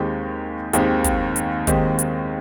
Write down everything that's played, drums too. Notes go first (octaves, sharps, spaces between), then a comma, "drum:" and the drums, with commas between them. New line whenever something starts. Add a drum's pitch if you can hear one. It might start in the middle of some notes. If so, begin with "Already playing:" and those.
Already playing: D#2 D#3 G#3 C4 G4
D#2 D#3 G#3 C4 G4, drum: hi-hat
drum: kick, hi-hat
drum: hi-hat
D#2 D#3 G#3 C4 G4, drum: kick, hi-hat
drum: hi-hat